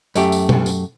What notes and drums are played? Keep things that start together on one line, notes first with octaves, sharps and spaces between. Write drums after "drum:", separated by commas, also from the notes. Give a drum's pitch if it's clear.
F#2 A3 G4, drum: tambourine
drum: tambourine
drum: tom B2
drum: tambourine